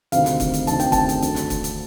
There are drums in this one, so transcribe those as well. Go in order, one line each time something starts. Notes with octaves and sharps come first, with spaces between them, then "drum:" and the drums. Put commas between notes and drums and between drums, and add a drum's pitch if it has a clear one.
D2 C3 D#3 F5, drum: hi-hat
drum: hi-hat
drum: kick, hi-hat
drum: hi-hat
D2 C3 D#3 A5, drum: hi-hat
G5, drum: hi-hat
A5, drum: kick, hi-hat
drum: hi-hat
D2 D3, drum: hi-hat
drum: hi-hat
drum: kick, hi-hat
drum: hi-hat